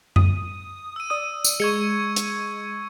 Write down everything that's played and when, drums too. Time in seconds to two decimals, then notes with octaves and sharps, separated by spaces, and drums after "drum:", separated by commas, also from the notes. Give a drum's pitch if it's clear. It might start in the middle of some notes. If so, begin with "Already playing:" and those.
0.16 D#6, drum: tom F#2
0.96 E6 D#7
1.10 D5 D#6
1.44 drum: tambourine
1.60 G#3 C#6 G#6 C#7
2.16 drum: hi-hat